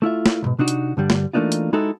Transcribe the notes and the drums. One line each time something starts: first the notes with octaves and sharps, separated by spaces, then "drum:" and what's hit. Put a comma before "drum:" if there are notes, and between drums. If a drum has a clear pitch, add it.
A3 E4 F4 E5
drum: snare
C2 G#2 B2
C3 D4 D#4 F#4
drum: hi-hat
G2 D3 G3 D4
drum: snare
E3 A3 A#3 D4 D#4 F4
drum: hi-hat
G#3 D#4 E4 F#4 A4